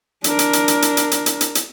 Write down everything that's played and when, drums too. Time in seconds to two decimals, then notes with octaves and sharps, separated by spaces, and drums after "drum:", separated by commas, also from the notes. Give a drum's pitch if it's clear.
0.24 D4 A#4, drum: hi-hat
0.39 drum: hi-hat
0.53 drum: hi-hat
0.68 drum: hi-hat
0.82 drum: hi-hat
0.97 drum: hi-hat
1.11 drum: hi-hat
1.26 drum: hi-hat
1.41 drum: hi-hat
1.55 drum: hi-hat